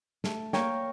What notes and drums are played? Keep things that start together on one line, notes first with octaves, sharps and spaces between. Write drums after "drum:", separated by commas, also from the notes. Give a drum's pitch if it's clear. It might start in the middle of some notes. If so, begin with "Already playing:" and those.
A3, drum: snare
A#3 A#4 C#5 G5, drum: snare